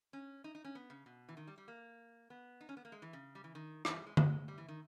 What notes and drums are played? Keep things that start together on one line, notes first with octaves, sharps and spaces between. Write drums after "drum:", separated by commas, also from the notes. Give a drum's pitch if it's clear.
C#4
D#4
D#4
C#4
B3
C#3
B2
E3
D#3
G3
G3
A#3
B3
D#4
C#4
B3
A#3
G#3
E3
C#3
G3
E3
D#3
E3, drum: rim click
G3
G#3
G#3, drum: tom D3
G3
E3
D#3